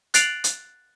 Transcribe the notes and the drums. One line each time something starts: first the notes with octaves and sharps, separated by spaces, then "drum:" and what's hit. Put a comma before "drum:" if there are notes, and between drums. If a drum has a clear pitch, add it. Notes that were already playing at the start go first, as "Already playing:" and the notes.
F#6 A6 C7 D7 F7 F#7, drum: hi-hat
drum: hi-hat